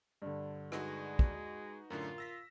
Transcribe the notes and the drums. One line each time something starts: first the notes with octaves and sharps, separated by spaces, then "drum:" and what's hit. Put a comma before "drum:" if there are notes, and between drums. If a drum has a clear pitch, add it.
G2 D3
G#3 D#4 F#4 B4, drum: rim click
drum: kick
F#2 A2 D3 F4 A#4
E6 A#6 B6